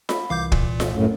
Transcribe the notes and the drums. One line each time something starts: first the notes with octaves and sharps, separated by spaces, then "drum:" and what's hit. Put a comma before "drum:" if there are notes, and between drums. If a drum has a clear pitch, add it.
B5, drum: snare F4
C2 E3 F5 D6 G6
A#2, drum: kick
drum: snare F4
F#2 A2